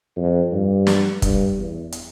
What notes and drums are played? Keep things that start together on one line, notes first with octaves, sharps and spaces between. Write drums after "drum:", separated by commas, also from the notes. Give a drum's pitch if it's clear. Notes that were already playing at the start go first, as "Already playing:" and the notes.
F2
G2
drum: snare
G2, drum: kick, hi-hat
E2
drum: hi-hat